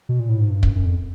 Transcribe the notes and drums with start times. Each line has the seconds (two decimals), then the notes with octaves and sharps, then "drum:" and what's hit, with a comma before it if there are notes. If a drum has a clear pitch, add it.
0.09 B2
0.20 A#2
0.29 A2
0.40 G#2
0.50 G2
0.63 F#2, drum: kick
0.76 F#2
0.85 F2